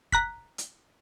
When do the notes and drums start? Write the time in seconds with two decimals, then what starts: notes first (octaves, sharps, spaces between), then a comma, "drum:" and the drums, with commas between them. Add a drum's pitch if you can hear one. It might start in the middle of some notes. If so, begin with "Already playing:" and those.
0.12 A#5 F#6 B6, drum: kick
0.58 drum: hi-hat